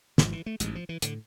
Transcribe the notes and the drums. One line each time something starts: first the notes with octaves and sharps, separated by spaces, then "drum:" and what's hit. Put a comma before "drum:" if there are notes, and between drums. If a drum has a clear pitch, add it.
G#1 G#2 F3, drum: snare
E3
A3
A1 G#2 G#3, drum: hi-hat
F3
E3
A2 D3, drum: hi-hat